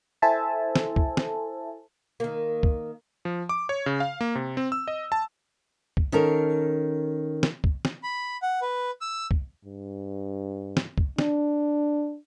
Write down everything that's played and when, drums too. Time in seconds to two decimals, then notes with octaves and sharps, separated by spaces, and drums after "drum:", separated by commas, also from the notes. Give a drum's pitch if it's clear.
0.22 E4 A4 C5 E5 G#5 A5
0.76 drum: snare
0.96 drum: kick
1.17 drum: snare
2.20 D#3 A#3
2.63 drum: kick
3.25 F3
3.49 D6
3.69 C#5
3.86 C#3
4.00 F5
4.21 A#3
4.35 C3
4.57 C4
4.72 E6
4.88 D#5
5.12 A5
5.97 drum: kick
6.12 D#3 C#4 A4 A#4
7.43 drum: snare
7.64 drum: kick
7.85 drum: snare
8.03 B5
8.42 F#5
8.62 B4
9.01 E6
9.31 drum: kick
9.65 G2
10.77 drum: snare
10.98 drum: kick
11.19 D4, drum: snare